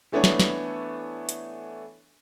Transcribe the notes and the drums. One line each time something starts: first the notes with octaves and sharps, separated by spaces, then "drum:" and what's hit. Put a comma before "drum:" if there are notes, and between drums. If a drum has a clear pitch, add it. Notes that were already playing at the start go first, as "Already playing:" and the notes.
E3 A3 B3 D4 C#5
drum: snare
drum: snare
drum: hi-hat